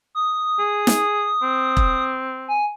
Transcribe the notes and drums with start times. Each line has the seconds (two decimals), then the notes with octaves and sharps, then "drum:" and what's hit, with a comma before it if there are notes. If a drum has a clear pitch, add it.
0.15 D#6
0.59 G#4
0.87 drum: snare
1.42 C4
1.77 drum: kick E1
2.48 G#5